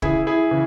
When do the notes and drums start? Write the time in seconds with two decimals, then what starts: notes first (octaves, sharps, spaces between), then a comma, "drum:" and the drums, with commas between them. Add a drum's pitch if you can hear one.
0.02 C#3 E3 E4 G#4, drum: kick
0.27 E4 G#4
0.51 C#3 E3